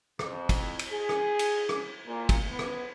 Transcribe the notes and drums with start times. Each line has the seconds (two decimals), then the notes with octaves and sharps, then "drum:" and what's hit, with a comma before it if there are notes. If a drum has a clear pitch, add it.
0.19 F2, drum: rim click
0.49 drum: kick, cymbal
0.79 drum: cymbal
0.91 G#4
1.09 drum: rim click
1.39 drum: cymbal
1.69 drum: rim click
2.06 A#2
2.29 drum: kick, cymbal
2.48 B3
2.59 drum: rim click